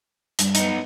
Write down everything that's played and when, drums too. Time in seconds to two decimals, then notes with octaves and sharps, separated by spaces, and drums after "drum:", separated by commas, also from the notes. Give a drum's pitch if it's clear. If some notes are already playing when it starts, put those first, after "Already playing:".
0.39 G2, drum: hi-hat
0.55 B3 D#4, drum: hi-hat